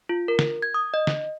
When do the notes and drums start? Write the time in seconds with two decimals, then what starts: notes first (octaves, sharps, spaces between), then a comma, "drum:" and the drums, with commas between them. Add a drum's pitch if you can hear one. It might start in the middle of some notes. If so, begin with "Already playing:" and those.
0.09 F4
0.28 A#4
0.39 drum: snare
0.62 G#6
0.74 D#6
0.94 D#5
1.07 drum: snare